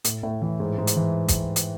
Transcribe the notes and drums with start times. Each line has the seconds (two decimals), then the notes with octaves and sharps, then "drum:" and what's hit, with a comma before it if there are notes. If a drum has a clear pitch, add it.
0.04 A2, drum: hi-hat
0.23 A2
0.42 E3
0.60 G#2
0.78 G#2
0.87 drum: hi-hat
0.96 E3
1.28 drum: kick, hi-hat
1.56 drum: hi-hat